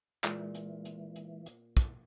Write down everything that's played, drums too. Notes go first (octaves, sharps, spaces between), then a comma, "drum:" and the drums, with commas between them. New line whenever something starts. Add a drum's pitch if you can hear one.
A#2 E3 G#3, drum: clap
drum: hi-hat
drum: hi-hat
drum: hi-hat
drum: hi-hat
drum: kick, hi-hat